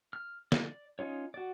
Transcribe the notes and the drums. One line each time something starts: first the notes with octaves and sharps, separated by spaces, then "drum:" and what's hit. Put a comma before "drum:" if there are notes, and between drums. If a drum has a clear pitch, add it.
F6
D5, drum: snare
C#4 D#4 F4 C#5
F#4 D5